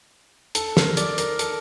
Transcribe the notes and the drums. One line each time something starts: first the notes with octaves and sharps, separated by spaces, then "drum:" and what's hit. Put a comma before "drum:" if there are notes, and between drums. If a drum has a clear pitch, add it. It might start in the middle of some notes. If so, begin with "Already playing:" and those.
A4, drum: hi-hat
A#4, drum: snare
D5, drum: hi-hat
A#4, drum: hi-hat
A4, drum: hi-hat